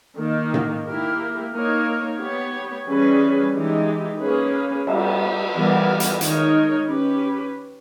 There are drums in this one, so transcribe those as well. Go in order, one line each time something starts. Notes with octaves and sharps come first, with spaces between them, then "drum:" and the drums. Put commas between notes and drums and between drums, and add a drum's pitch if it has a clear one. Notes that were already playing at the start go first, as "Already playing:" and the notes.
D#3 A#3 D#4
drum: tom A2
A#3 E4 G4 A#4
A#3 D#4 A#4 C#5
B3 G4 C#5
E3 G3 C#4 G#4 B4
E3 G#3 D#4 G4
A#3 C#4 G#4 B4
G3 B3 G4, drum: cymbal
E3 G3 B3 G4 A#4
drum: hi-hat
D#3 G#3 D#4 A#4 C#5, drum: hi-hat
C#4 G4 B4